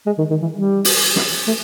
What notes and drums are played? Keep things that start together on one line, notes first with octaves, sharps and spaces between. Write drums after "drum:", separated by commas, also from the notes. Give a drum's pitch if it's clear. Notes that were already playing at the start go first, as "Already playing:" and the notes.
G#3
D#3
D#3
E3
G3
drum: open hi-hat
drum: snare
A3